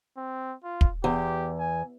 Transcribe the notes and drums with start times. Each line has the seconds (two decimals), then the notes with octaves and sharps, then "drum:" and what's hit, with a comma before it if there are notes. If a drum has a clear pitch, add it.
0.17 C4
0.64 F4
0.81 drum: kick
1.04 E2 G4
1.59 G#5